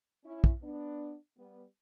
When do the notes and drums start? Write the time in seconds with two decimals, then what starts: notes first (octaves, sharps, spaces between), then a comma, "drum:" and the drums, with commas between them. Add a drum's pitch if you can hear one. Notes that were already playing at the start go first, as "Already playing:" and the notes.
0.25 C#4 E4
0.44 drum: kick
0.62 B3 D4
1.37 G3 B3